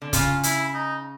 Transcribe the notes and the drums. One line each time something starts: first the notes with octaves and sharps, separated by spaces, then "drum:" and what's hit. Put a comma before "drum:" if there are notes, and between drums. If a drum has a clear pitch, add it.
D3
C#3 F4, drum: kick, hi-hat
E4, drum: hi-hat
D#4